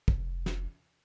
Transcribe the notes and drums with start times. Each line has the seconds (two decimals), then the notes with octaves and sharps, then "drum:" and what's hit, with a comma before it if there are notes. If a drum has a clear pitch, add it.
0.08 F1, drum: kick
0.46 drum: snare